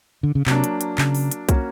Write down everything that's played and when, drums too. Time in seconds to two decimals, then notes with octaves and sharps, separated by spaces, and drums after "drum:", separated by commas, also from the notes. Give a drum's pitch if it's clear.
0.23 D3
0.35 C#3
0.46 C3 F#3 A#3 D4, drum: clap
0.64 drum: hi-hat
0.81 drum: hi-hat
0.98 C#3, drum: clap
1.15 drum: open hi-hat
1.32 drum: hi-hat
1.49 A#3 C#4 F#4, drum: kick, hi-hat